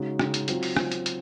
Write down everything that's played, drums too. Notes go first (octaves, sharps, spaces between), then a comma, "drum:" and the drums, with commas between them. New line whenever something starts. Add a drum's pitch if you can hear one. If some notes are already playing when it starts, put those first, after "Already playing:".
Already playing: C#3 G#3 D#4 F#4
C#3 G#3 D#4 F#4, drum: rim click
drum: hi-hat
F#3 C4 F4, drum: hi-hat
drum: open hi-hat
F#3 C4 F4, drum: rim click
drum: hi-hat
drum: hi-hat